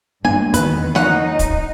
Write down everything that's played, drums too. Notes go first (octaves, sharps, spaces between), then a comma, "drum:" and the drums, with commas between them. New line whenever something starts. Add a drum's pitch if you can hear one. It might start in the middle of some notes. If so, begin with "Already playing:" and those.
G2 G#3 A#3 D4 G#5
E2 D#3 B3 B4, drum: hi-hat
C#4 D#4 F#5, drum: snare
drum: kick, hi-hat